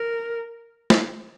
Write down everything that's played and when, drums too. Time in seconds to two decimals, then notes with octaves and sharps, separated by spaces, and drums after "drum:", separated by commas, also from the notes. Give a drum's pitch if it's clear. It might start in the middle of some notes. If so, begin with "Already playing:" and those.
Already playing: A#4
0.90 drum: snare